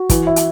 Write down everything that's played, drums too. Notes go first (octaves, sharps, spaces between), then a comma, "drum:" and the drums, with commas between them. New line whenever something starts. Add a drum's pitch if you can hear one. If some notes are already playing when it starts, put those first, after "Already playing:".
Already playing: F#4
E3, drum: kick, hi-hat
E4
drum: hi-hat